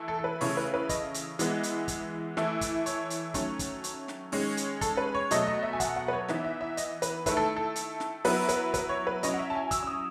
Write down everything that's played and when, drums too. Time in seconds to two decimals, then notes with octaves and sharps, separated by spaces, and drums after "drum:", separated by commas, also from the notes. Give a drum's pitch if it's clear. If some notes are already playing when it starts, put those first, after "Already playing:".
Already playing: E3 A3 E4
0.08 A4
0.19 A4
0.24 B4
0.41 C#3 E3 A3 C#4 E4 C#5, drum: open hi-hat
0.57 B4
0.74 B4
0.89 D#5, drum: kick, hi-hat
1.14 drum: hi-hat
1.39 E3 G#3 B3, drum: hi-hat
1.63 drum: hi-hat
1.88 drum: kick, hi-hat
2.37 E3 A3 E4, drum: snare
2.61 drum: kick, hi-hat
2.86 C#5, drum: hi-hat
3.10 drum: hi-hat
3.34 D#3 F#3 A3 C#4, drum: kick, hi-hat
3.59 drum: kick, hi-hat
3.84 drum: hi-hat
4.08 drum: snare
4.32 D#3 G#3 C#4, drum: open hi-hat
4.57 drum: hi-hat
4.81 A4, drum: kick, hi-hat
4.97 B4
5.15 C#5
5.31 B2 F#3 A3 D#5, drum: hi-hat
5.47 D#5
5.63 E5
5.73 G#5
5.80 F#5, drum: kick, hi-hat
5.96 F#5
6.08 B4
6.13 C#5
6.28 E3 B3 D#4 E5, drum: snare
6.44 E5
6.61 E5
6.77 D#5, drum: hi-hat
7.02 B4, drum: hi-hat
7.26 D#3 A3 E4 B4, drum: kick, hi-hat
7.37 A4
7.56 A4
7.76 drum: hi-hat
8.00 drum: snare
8.25 F#3 B3 E4 B4, drum: open hi-hat
8.49 B4, drum: hi-hat
8.74 B4, drum: kick, hi-hat
8.89 C#5
9.07 B4
9.23 F#3 C#4 E4 D#5, drum: hi-hat
9.34 F#5
9.39 E5
9.50 A5
9.55 G#5
9.71 E6, drum: kick, hi-hat
9.83 E6
9.87 D#6